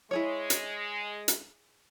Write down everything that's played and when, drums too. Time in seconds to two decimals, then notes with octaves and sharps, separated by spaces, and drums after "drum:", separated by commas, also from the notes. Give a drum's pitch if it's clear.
0.11 G#3 E4 G#4 C#5
0.50 drum: hi-hat
1.28 drum: hi-hat